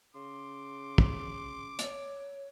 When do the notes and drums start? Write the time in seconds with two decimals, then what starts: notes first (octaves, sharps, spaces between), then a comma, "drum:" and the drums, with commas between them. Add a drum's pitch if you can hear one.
0.15 C#3 C6 D6
0.98 drum: kick
1.79 C#5, drum: hi-hat